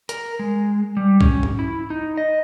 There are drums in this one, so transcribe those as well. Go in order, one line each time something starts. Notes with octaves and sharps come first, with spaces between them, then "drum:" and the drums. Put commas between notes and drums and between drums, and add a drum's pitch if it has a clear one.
A#4, drum: hi-hat
G#3
G3
C#4, drum: kick B1
drum: tom G#2
E4
D#4
D#5